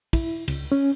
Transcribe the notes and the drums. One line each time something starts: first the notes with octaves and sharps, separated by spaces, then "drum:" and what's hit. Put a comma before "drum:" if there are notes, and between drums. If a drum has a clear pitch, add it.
E4, drum: kick, cymbal
C#2, drum: cymbal
C#4